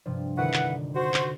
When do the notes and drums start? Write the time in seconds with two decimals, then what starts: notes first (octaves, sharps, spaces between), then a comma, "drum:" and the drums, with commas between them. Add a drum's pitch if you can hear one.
0.05 G2 C3 F3
0.37 F1 D3 D#3 E4 B4 F#5
0.54 drum: clap
0.94 F#4 C5
1.14 drum: clap